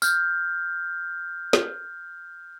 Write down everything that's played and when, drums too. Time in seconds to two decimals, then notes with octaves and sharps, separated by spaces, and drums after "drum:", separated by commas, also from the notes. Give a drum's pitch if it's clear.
0.02 F6 G6, drum: tambourine
1.53 drum: snare